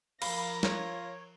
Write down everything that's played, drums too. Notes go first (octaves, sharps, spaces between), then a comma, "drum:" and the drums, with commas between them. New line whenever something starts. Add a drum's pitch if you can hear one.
F3 A#4 F5 B5 A#6, drum: cymbal
F4 C#5, drum: snare